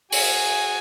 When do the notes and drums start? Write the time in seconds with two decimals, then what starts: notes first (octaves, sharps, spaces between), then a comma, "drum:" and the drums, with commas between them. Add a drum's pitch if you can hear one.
0.12 F#4 G#4 G#5, drum: open hi-hat